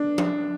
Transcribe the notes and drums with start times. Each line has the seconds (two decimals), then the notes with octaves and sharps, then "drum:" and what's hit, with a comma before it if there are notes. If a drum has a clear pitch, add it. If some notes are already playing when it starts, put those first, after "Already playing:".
Already playing: D4
0.18 drum: tom